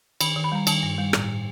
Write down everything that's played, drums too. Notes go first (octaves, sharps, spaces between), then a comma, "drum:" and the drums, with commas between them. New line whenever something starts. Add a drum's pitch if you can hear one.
D#3 B5, drum: cymbal
D#3
B5
G3 A#5
D#3 A5, drum: cymbal
G2
G3
A2, drum: rim click
A2